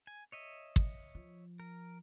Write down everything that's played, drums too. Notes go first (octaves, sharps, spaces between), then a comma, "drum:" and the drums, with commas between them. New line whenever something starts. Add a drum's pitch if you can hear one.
G#5
C#5 D#5 E5
drum: kick
F3
A#4